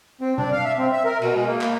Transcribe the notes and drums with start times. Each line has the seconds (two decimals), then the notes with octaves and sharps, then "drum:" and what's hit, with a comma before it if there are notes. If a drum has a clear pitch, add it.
0.21 C4
0.38 D4, drum: tom B2
0.52 F5
0.64 E5
0.78 C4
0.92 E5
1.05 A#4
1.22 B2, drum: cymbal
1.35 G#3
1.47 A#3
1.61 A#3, drum: clap